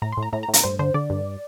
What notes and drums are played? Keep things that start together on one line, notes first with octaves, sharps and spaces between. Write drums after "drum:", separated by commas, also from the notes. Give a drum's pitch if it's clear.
A2 A#5
C6
A2
A#5
A2 A#5
A#5
A2
A#5, drum: hi-hat
G2 C5
D3 C5
D3 D5
G2